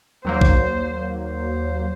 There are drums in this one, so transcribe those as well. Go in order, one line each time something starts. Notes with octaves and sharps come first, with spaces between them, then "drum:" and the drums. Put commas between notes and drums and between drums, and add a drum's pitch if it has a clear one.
D#2 F#3 A#3 C5
drum: kick A#1
C5